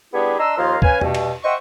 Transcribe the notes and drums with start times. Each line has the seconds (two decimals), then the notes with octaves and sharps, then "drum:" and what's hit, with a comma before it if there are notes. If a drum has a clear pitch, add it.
0.13 G3 B3 D4 E4 G4 G#4
0.39 D4 D#5 A#5 C6 E6
0.57 D#2 F3 A#4 D#5 F5 C6
0.82 C#4 B4 F5 G#5, drum: kick
1.01 G2 B2, drum: tom
1.15 drum: cymbal
1.44 C5 D#5 E5 F#5 G5 C#6